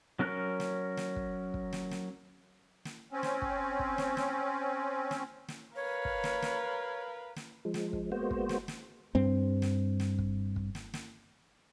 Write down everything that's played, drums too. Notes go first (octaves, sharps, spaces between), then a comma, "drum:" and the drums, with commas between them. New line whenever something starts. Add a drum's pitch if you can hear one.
F#3 C#4 A#4 F6 F#6
drum: snare
drum: snare
drum: kick
drum: kick
drum: snare
drum: snare
drum: snare
C4 C#4
drum: snare
drum: kick
drum: kick
drum: snare
drum: snare
drum: snare
drum: snare
A#4 B4 C#5 F5
drum: kick
drum: snare
drum: snare
drum: snare
F3 G#3
drum: snare
drum: kick
G#3 A#3 B3 F#4 C5
drum: kick
drum: snare
drum: snare
G2 C4
drum: snare
drum: snare
drum: kick
drum: kick
drum: snare
drum: snare